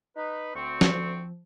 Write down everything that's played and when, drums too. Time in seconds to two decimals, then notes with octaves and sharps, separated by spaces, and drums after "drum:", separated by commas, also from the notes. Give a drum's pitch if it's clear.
0.16 D#4 B4
0.54 D2 C4 C#6
0.81 F3, drum: snare